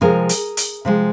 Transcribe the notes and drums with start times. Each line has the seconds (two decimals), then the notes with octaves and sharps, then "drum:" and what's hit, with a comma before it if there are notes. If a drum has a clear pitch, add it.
0.01 C3 F3 G#3 G#4 A#4
0.29 drum: hi-hat
0.57 drum: hi-hat
0.85 C3 F3 G#3